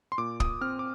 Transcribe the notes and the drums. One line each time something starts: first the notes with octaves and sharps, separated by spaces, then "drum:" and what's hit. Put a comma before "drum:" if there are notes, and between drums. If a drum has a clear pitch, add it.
C6
A#2 D6
D#6, drum: kick
C4 F6
D6